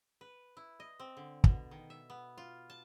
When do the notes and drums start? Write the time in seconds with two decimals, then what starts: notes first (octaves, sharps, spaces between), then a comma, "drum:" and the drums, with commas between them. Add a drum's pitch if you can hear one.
0.21 B4
0.57 E4
0.80 D#5
0.99 C4
1.17 D3
1.44 B2, drum: kick
1.71 D#3
1.90 E5
2.10 B3
2.38 F4
2.70 A5